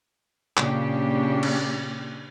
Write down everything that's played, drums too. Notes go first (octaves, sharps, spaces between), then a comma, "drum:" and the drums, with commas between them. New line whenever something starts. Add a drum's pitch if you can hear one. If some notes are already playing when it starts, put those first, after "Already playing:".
A#2 C#3 A#3 D4 G4, drum: clap
drum: cymbal